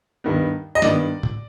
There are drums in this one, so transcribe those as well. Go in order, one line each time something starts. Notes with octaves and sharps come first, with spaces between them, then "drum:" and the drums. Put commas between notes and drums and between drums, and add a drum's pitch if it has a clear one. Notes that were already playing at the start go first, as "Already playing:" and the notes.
G2 D#3 B3
D#5
G2 D#3 B3 D5, drum: snare
drum: tom A2